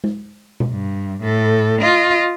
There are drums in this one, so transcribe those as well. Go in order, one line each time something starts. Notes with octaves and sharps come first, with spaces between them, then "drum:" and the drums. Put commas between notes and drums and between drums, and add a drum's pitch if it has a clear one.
drum: tom G#3
drum: tom B2
G2
A2 A4
F4 D#5